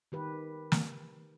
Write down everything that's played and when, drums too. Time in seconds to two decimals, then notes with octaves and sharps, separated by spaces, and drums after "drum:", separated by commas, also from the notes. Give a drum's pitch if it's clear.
0.12 D#3 G4 B4
0.72 drum: snare